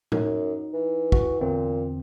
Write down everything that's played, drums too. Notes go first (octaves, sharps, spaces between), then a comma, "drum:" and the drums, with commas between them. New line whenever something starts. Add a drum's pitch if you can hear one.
F#2 D#4, drum: tom A2
E3
F#4, drum: kick
E2 A#2 D3 C4